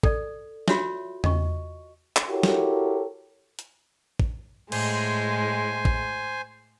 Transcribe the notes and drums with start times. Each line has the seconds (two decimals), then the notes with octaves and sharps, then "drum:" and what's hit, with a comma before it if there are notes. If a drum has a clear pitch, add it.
0.03 A4 D5, drum: kick
0.68 F4 F#4 C#5 E5, drum: snare
1.24 D#5 C#6, drum: tom E2
2.16 drum: clap
2.29 E4 F#4 G4 A4 A#4 C#5
2.43 drum: snare
3.59 drum: hi-hat
4.20 drum: kick
4.72 A2 G#3 C5 G#5, drum: cymbal
5.85 drum: kick